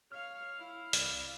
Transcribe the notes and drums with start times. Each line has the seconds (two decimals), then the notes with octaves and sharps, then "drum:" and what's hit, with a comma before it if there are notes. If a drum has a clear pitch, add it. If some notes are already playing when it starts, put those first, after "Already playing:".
0.12 C#5 F5 F6
0.58 E4 F5
0.93 C2 D5, drum: hi-hat